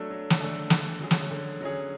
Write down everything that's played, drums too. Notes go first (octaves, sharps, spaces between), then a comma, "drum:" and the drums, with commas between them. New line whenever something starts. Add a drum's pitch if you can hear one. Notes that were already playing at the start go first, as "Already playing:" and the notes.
Already playing: F#3 A3 D4 A4
F#3
drum: snare
A3 D4 A4
D3, drum: snare
F#3 C#4 G#4
drum: snare
D3
F#3 C#4 G#4